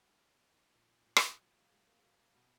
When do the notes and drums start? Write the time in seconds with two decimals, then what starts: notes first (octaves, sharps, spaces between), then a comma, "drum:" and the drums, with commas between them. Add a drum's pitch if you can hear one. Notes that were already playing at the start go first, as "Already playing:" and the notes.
Already playing: F#3 B3
0.08 G#2 C#4
0.41 D#3
0.73 A#2
1.06 A#2
1.16 drum: rim click
1.37 F#3 B3
1.55 A#3
1.70 F#3 G#3
1.87 A#3
2.02 B2 A#3
2.18 A#3
2.35 B2 B3